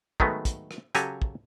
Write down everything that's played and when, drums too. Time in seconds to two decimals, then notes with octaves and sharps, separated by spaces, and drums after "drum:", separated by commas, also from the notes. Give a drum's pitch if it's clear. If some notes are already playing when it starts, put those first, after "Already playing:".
0.20 D#3 F#3 G#3 A3 B3, drum: kick
0.45 drum: kick, hi-hat
0.71 drum: rim click
0.95 C#3 F#3 G4 A4 G#5 A#5, drum: hi-hat
1.22 drum: kick